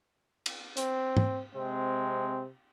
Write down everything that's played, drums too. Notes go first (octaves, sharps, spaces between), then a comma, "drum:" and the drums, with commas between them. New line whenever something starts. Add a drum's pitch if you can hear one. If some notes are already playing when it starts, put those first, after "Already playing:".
drum: cymbal
C4, drum: hi-hat
drum: tom G#2
C3 G#3 C4